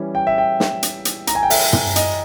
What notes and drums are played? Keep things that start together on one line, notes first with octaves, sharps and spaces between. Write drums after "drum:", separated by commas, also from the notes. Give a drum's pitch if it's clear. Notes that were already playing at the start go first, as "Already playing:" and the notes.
Already playing: E3 G3 C#4
G5
E5
G5
drum: snare
drum: hi-hat
drum: hi-hat
A#5, drum: hi-hat
G#5
G5
E5, drum: open hi-hat
drum: tom
D#5, drum: hi-hat